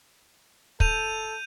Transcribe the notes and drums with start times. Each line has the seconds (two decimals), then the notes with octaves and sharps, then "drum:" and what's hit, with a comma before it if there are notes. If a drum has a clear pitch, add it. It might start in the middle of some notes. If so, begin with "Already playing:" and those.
0.80 A4 G6 D#7 F7, drum: kick